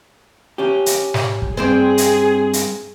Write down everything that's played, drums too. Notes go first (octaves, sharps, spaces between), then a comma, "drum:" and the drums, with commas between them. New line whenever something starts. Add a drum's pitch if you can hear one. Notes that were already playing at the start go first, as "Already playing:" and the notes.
C#4 G4
drum: hi-hat
drum: snare
drum: kick
G2 C4 G#4 C5
drum: hi-hat
drum: hi-hat